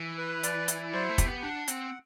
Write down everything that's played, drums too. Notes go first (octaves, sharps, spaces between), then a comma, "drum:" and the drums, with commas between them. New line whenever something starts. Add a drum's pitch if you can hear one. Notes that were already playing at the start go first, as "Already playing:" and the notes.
Already playing: E3
B4
D5, drum: hi-hat
E4, drum: hi-hat
F#3 C5
A3
G4, drum: kick, hi-hat
B3
D4 F#5
C4 F#5, drum: hi-hat